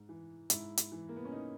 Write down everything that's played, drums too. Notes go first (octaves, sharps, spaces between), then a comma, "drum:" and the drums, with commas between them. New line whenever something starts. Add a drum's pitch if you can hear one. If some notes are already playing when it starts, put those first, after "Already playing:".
Already playing: G#2
E3
G#2 E4, drum: hi-hat
drum: hi-hat
E3
A#3
B3
C#4
D#4